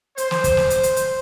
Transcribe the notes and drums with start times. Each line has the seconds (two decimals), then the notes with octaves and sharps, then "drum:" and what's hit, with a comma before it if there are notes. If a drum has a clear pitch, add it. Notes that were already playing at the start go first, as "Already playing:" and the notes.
0.18 C5, drum: hi-hat
0.31 drum: snare
0.44 drum: kick, hi-hat
0.57 drum: snare
0.70 drum: hi-hat
0.83 drum: hi-hat
0.96 drum: hi-hat